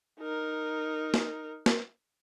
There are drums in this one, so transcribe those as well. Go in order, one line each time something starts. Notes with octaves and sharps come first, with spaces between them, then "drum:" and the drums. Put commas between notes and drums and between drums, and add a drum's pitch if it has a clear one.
D#4 A#4
drum: snare
drum: snare